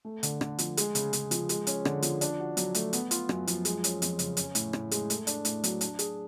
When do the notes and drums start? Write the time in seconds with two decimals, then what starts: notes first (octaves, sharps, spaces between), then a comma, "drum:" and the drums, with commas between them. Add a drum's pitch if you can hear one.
0.05 A3
0.23 D3, drum: hi-hat
0.41 D3, drum: rim click
0.59 F3, drum: hi-hat
0.77 G#3, drum: hi-hat
0.95 C#3, drum: hi-hat
1.13 C#3, drum: hi-hat
1.31 F3, drum: hi-hat
1.49 G#3, drum: hi-hat
1.67 C#4, drum: hi-hat
1.85 D3, drum: rim click
2.02 F3, drum: hi-hat
2.21 D4, drum: hi-hat
2.39 F#4
2.57 F#3, drum: hi-hat
2.75 A3, drum: hi-hat
2.93 B3, drum: hi-hat
3.11 F4, drum: hi-hat
3.29 F#2, drum: rim click
3.47 F3, drum: hi-hat
3.65 G#3, drum: hi-hat
3.84 C#4, drum: hi-hat
4.02 F2, drum: hi-hat
4.19 C#3, drum: hi-hat
4.37 C#4, drum: hi-hat
4.55 A2, drum: hi-hat
4.73 A2, drum: rim click
4.91 G#3, drum: hi-hat
5.10 A3, drum: hi-hat
5.27 D4, drum: hi-hat
5.45 A2, drum: hi-hat
5.64 F#3, drum: hi-hat
5.81 D4, drum: hi-hat
5.99 G#4, drum: hi-hat